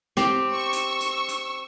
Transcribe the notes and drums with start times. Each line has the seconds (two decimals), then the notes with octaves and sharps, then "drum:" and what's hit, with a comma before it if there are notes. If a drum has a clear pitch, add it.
0.17 C4 G4, drum: snare
0.50 C#6 E6
0.73 drum: hi-hat
1.01 drum: hi-hat
1.28 drum: hi-hat